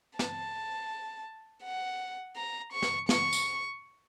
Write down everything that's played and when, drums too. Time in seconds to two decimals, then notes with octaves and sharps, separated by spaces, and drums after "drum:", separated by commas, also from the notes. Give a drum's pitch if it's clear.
0.19 A5, drum: snare
1.64 F#5
2.36 A#5
2.73 C#6
2.82 drum: snare
3.09 C#6, drum: snare
3.33 drum: tambourine